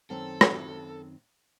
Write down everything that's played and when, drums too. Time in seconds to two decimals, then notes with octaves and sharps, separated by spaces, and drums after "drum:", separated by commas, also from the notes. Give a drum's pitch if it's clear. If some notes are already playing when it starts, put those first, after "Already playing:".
0.10 F#2 D#3 C4 A4
0.41 drum: rim click